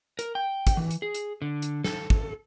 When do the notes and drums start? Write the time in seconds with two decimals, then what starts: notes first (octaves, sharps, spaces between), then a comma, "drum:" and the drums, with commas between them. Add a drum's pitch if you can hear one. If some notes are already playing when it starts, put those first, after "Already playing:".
0.19 A#4, drum: hi-hat
0.35 G5
0.67 drum: kick, hi-hat
0.77 E3
0.91 drum: hi-hat
1.02 G#4
1.14 drum: hi-hat
1.42 D3
1.62 drum: hi-hat
1.84 A4, drum: snare
2.10 drum: kick